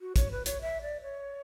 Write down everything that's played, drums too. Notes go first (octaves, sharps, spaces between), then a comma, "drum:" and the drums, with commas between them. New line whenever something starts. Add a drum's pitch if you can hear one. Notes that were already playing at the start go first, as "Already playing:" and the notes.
F#4
C#5, drum: kick, hi-hat
B4
C#5, drum: hi-hat
E5
D5
C#5